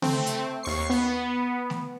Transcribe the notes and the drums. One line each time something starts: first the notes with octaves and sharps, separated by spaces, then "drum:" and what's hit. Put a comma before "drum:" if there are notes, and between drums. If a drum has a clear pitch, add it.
A3 C4, drum: tom C#3
drum: hi-hat
D#2 C#6 C7
B3
drum: snare A3